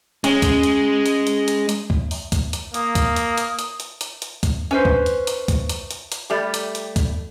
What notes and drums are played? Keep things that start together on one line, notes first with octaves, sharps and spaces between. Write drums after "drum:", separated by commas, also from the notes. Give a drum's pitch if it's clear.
G#3 C#4, drum: hi-hat
drum: kick, hi-hat
drum: hi-hat
drum: hi-hat
drum: hi-hat
drum: hi-hat
drum: hi-hat
drum: kick
drum: open hi-hat
drum: kick, hi-hat
drum: hi-hat
A#3 D#6, drum: hi-hat
drum: kick, hi-hat
drum: hi-hat
drum: hi-hat
drum: hi-hat
drum: hi-hat
drum: hi-hat
drum: hi-hat
drum: kick, hi-hat
C#4 B4 C5
drum: kick
drum: hi-hat
drum: hi-hat
drum: kick, hi-hat
drum: hi-hat
drum: hi-hat
drum: hi-hat
G3 A3 G4
drum: hi-hat
drum: hi-hat
drum: kick, hi-hat